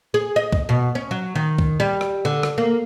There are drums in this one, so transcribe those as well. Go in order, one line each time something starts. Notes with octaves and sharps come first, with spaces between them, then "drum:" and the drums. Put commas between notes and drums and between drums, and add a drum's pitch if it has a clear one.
G#4
D#5
drum: kick
B2
C#4
F#3
D#3
drum: kick
G3
drum: rim click
D3
drum: rim click
A#3